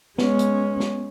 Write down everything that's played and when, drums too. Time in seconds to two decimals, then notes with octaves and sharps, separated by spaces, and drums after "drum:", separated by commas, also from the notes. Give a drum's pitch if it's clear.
0.18 G#3 B3 C#4, drum: snare
0.39 drum: hi-hat
0.80 drum: snare